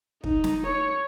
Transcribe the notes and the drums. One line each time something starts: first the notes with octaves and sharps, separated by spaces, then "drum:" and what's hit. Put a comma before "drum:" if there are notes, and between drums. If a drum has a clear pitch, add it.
D#4, drum: kick
drum: snare
C#5